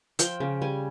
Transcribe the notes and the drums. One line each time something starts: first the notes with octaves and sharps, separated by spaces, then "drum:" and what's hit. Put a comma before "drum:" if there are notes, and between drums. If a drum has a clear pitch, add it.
F3 G5, drum: hi-hat
C#3
G3 G#5